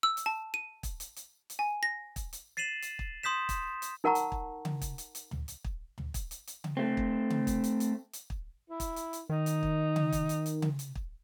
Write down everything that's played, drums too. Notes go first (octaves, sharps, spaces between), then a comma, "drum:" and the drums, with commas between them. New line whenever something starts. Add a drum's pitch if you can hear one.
E6
drum: hi-hat
A5
D#7
drum: kick, hi-hat
drum: hi-hat
drum: hi-hat
drum: hi-hat
G#5
A#6
drum: kick, hi-hat
drum: hi-hat
A6 C7 D#7 E7 F#7
drum: hi-hat
drum: kick
C6 D#6 G6 B6 E7
drum: kick, hi-hat
drum: hi-hat
D#4 A#4 F#5 A5 A#5 C#6
drum: hi-hat
drum: kick
drum: tom C#3
drum: kick, hi-hat
drum: hi-hat
drum: hi-hat
drum: tom
drum: hi-hat
drum: kick
drum: tom
drum: kick, hi-hat
drum: hi-hat
drum: hi-hat
drum: tom C#3
A3 C4
drum: kick
drum: tom C#3
drum: kick, hi-hat
drum: hi-hat
drum: hi-hat
drum: hi-hat
drum: kick
E4
drum: kick, hi-hat
drum: hi-hat
drum: hi-hat
D#3 D#4
drum: hi-hat
drum: kick
drum: tom C#3
drum: kick, hi-hat
drum: hi-hat
drum: hi-hat
drum: tom C#3
drum: hi-hat
drum: kick